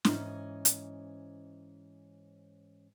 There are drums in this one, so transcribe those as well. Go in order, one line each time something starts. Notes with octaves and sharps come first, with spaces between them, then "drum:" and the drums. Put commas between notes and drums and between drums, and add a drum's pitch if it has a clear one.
G#2 E3 C#4 D#5, drum: snare
drum: hi-hat